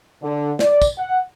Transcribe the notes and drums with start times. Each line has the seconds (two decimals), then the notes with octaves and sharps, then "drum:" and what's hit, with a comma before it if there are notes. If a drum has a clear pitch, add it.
0.22 D3
0.59 D5, drum: snare
0.82 drum: kick, tambourine
0.98 F#5